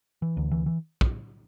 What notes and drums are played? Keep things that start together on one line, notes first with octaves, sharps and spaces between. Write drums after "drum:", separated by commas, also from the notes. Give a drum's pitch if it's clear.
E3
D2
E3
E3
drum: kick